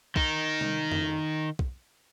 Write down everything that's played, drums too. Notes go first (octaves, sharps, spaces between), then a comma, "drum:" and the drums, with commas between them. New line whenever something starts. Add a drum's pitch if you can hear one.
D#3 D#4, drum: kick B1
drum: tom
drum: tom F2
drum: kick B1